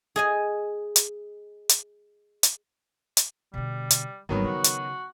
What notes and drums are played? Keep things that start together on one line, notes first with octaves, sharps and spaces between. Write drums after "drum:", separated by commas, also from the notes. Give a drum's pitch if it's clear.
G#4 D#5 G#5
drum: hi-hat
drum: hi-hat
drum: hi-hat
drum: hi-hat
B2 D3 G3
drum: hi-hat
G#1 D#3 F#3 G3 B3
C#3 F#4
drum: hi-hat